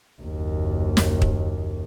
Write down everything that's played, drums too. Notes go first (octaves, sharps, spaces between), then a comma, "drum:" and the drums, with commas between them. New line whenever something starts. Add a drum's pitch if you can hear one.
F#1 D#2
drum: snare
drum: kick